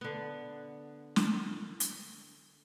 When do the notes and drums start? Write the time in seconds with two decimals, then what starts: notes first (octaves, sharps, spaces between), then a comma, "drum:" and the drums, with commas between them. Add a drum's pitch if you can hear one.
0.01 D3 B3
1.16 drum: snare
1.80 drum: hi-hat